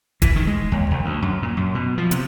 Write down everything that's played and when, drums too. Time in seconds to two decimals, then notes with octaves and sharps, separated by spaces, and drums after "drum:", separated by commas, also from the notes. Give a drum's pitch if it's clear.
0.22 E3, drum: kick, hi-hat
0.36 D#3
0.47 G#3
0.72 D#2
0.91 C2
1.04 D2
1.22 F#2
1.42 A#2
1.57 F#2
1.75 B2
1.98 F3
2.11 C3, drum: hi-hat